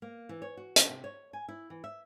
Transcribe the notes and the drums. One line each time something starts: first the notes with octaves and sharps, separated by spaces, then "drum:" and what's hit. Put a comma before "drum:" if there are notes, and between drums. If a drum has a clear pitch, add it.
A#3
E3
C#5
F#4
D3, drum: hi-hat
C3
C#5
G#5
E4
E3
E5